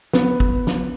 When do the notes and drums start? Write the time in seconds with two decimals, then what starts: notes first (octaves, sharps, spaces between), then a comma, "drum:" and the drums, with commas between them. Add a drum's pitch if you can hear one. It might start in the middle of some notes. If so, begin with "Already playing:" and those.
0.13 B3, drum: snare
0.40 drum: kick
0.67 drum: snare